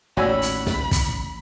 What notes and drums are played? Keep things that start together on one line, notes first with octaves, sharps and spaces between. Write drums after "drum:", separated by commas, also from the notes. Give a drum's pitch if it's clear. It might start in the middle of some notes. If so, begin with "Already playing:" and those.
A1 D#2 F#4 C#5 D5 G#5 B5 E6
drum: hi-hat
drum: snare
drum: kick, hi-hat